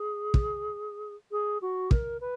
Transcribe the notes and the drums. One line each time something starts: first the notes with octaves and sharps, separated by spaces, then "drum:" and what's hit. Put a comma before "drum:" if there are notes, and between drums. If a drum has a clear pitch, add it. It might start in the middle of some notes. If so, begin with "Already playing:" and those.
Already playing: G#4
drum: kick
G#4
F#4
A#4, drum: kick
B4